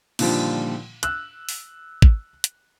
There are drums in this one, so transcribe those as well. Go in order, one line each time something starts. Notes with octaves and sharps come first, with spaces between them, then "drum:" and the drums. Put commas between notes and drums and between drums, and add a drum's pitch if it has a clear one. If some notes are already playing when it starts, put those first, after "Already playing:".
A#2 D3 D#3 F3 G3, drum: cymbal
E6 F#6, drum: hi-hat
drum: open hi-hat
drum: kick
drum: hi-hat